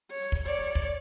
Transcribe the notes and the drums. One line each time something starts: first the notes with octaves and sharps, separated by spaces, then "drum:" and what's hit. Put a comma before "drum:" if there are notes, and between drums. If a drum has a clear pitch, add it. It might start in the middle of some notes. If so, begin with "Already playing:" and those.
C#5
drum: kick
C#5 D5
drum: kick